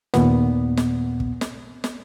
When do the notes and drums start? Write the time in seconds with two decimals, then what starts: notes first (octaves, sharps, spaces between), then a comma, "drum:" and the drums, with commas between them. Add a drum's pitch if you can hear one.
0.14 D#2 A#2 B3, drum: snare
0.77 drum: snare
1.20 drum: kick
1.41 drum: snare
1.84 drum: snare